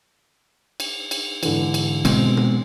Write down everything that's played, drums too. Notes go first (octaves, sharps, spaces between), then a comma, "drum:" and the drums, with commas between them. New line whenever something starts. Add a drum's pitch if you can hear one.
drum: cymbal
drum: cymbal
G#2 D3 E3, drum: cymbal
drum: cymbal
B2 G#3 C4, drum: cymbal
drum: tom A#2